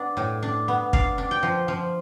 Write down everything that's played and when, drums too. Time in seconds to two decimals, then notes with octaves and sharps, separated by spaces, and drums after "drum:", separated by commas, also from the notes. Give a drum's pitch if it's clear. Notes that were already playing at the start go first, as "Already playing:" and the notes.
Already playing: B3 D4
0.17 A2
0.43 D4
0.68 B3
0.93 D4 F5, drum: kick
1.18 D4
1.31 G5
1.43 F3
1.68 F3